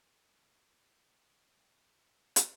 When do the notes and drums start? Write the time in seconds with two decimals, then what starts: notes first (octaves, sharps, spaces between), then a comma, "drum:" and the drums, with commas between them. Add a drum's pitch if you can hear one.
0.11 E5
0.30 C5
0.63 C5
0.71 C#5
0.99 C5
1.10 B4
2.36 drum: hi-hat